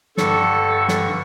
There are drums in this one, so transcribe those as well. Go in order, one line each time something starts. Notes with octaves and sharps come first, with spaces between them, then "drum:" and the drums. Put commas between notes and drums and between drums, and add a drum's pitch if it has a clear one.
G2 D3 A4 C#6, drum: snare
drum: snare